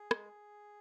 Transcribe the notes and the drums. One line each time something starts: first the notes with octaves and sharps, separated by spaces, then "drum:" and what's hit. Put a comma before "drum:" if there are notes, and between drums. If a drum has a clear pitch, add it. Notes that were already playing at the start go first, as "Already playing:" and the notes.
Already playing: G#4
G#3, drum: rim click